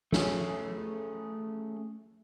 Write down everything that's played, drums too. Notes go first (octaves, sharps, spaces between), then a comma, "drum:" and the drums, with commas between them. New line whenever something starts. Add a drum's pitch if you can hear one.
A3 C#4 G#4, drum: snare